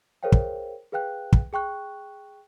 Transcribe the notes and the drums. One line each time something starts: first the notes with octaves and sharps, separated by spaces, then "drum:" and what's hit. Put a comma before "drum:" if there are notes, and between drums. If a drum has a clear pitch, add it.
G#4 A#4 C5 C#5 F5 G5
drum: kick
G#4 B4 F5 G5 F#6
drum: kick
G#4 G5 C#6 F#6